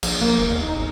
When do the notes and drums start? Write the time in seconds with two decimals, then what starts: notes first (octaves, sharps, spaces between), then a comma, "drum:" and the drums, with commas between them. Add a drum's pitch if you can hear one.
0.03 A#1, drum: cymbal
0.21 A#3
0.38 E1
0.50 D#2
0.63 D#4
0.76 G#1